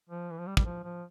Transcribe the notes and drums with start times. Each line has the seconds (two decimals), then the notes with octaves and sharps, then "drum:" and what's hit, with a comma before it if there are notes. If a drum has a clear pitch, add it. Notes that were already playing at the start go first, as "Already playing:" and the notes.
0.10 F3
0.31 E3
0.39 F3
0.47 G3
0.57 G3, drum: kick
0.65 F3
0.84 F3